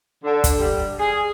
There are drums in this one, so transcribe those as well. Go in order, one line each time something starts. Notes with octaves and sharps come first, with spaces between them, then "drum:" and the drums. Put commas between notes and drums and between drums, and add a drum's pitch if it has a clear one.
D3
drum: kick, hi-hat
G3
G#4